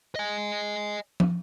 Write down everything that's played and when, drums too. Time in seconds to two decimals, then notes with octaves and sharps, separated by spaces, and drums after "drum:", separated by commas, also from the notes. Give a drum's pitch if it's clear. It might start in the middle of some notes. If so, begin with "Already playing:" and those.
0.16 D#5 G#5
1.20 drum: tom